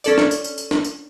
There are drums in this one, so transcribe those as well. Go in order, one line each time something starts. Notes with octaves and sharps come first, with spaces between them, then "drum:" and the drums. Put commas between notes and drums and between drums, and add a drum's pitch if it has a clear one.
C#4 A4 D5, drum: tambourine
drum: snare
drum: tambourine
drum: tambourine
drum: tambourine
drum: snare
drum: tambourine